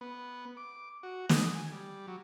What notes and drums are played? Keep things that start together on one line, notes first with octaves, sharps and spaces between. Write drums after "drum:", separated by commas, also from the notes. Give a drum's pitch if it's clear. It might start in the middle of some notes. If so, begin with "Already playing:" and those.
B3
D6
F#4
D#6, drum: snare
G#5
G3
F#3